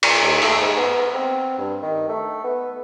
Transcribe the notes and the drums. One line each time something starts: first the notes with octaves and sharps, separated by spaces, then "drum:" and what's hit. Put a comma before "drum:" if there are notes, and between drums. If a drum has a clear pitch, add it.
A#2, drum: cymbal
D#2
A3, drum: open hi-hat
G#2
B3
C4
G2
D#3
A3
B3